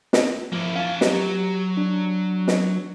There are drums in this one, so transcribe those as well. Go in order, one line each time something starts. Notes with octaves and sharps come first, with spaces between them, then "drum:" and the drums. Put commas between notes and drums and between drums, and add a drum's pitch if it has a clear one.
drum: snare
F3 A#3 E4
C#4 F5 A5
F#3 G4, drum: snare
D4
drum: snare